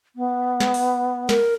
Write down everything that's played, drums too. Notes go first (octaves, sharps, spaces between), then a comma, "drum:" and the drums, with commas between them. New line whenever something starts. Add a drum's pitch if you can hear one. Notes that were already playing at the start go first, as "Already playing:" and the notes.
B3
drum: snare
drum: open hi-hat
A#4, drum: snare